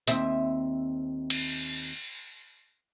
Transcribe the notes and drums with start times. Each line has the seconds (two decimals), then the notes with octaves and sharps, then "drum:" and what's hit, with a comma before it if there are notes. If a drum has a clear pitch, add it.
0.08 D#2 C4 E5, drum: hi-hat
1.30 drum: cymbal